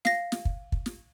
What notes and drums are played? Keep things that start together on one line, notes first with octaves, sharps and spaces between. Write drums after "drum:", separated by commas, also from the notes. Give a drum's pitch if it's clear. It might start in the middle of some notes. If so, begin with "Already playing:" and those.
F5 A#6, drum: snare
drum: snare
drum: kick
drum: kick
drum: snare